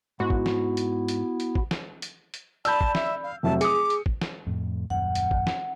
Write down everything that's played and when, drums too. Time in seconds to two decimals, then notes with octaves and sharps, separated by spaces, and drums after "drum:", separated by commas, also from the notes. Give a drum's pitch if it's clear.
0.20 G#2 B3 E4 F#4
0.30 drum: kick
0.46 drum: snare
0.77 drum: hi-hat
1.08 drum: hi-hat
1.40 drum: hi-hat
1.55 drum: kick
1.71 drum: snare
2.02 drum: hi-hat
2.34 drum: hi-hat
2.65 D5 A5 B5 E6 G6, drum: hi-hat
2.81 drum: kick
2.95 E5, drum: snare
3.23 F5
3.43 F1 F#3 E5 A5
3.61 G#4 D6 D#6 C#7, drum: hi-hat
3.90 drum: hi-hat
4.06 drum: kick
4.22 drum: snare
4.47 F2 A2
4.90 D#1 F#2 F#5
5.15 drum: hi-hat
5.31 drum: kick
5.47 drum: snare